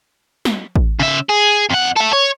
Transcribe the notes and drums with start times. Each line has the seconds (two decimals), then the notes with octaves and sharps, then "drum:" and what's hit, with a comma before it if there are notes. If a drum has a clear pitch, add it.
0.45 drum: snare
0.76 drum: kick A1
0.99 C#3 E5
1.29 G#4
1.70 F2 F#5
1.96 A4 E5
2.13 C#5